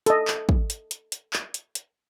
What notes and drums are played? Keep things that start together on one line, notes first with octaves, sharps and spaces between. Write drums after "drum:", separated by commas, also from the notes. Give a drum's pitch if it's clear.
A4 D#5, drum: hi-hat
drum: clap
drum: kick
drum: hi-hat
drum: hi-hat
drum: hi-hat
drum: clap
drum: hi-hat
drum: hi-hat